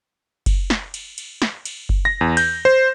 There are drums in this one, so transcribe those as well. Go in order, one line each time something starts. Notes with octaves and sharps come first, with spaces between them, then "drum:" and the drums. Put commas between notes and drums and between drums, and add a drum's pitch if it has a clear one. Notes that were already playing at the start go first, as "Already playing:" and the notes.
drum: kick F#1, cymbal
drum: snare
drum: cymbal
drum: cymbal
drum: snare
drum: cymbal
drum: kick F#1
A#6
E2
G6, drum: cymbal
C5